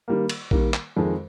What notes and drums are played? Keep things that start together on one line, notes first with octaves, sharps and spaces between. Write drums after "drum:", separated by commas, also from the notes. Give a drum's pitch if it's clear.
D#3 G3 A#3
drum: cymbal
D#3 G3 A#3, drum: kick A#1
drum: clap
F2 D#3 G#3